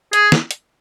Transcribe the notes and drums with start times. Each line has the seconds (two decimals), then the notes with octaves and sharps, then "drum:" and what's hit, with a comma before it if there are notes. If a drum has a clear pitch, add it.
0.13 G#4, drum: hi-hat
0.32 drum: snare
0.51 drum: hi-hat